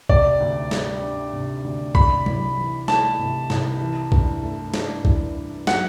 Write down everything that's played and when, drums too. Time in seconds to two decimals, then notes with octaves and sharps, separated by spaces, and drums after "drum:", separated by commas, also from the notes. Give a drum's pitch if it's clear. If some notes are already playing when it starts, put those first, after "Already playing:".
0.09 C3 D5, drum: kick B1
0.40 D2
0.71 G3, drum: snare
1.02 D4
1.33 C3
1.64 D2
1.95 C3 B5, drum: kick B1
2.26 C2, drum: tom F#3
2.57 E3
2.88 A3 A5, drum: snare
3.19 C3
3.50 C2, drum: snare
3.81 E3
4.12 G2, drum: kick B1
4.43 A3
4.74 D4, drum: snare
5.05 E3, drum: kick B1
5.36 G2
5.67 F#3 F#5, drum: snare